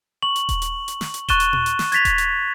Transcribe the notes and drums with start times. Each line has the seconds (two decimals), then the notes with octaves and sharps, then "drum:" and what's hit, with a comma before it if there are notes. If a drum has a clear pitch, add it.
0.23 C#6 F#7
0.36 drum: hi-hat
0.49 drum: kick D#1, hi-hat
0.62 drum: hi-hat
0.88 drum: hi-hat
1.01 drum: snare
1.14 drum: hi-hat
1.29 C#6 F#6 A6 D#7 E7 G7, drum: kick D#1, hi-hat
1.40 drum: hi-hat
1.53 drum: tom
1.66 drum: hi-hat
1.79 drum: snare
1.92 G#6 A6 B6 F7, drum: hi-hat
2.05 drum: kick D#1, hi-hat
2.18 drum: hi-hat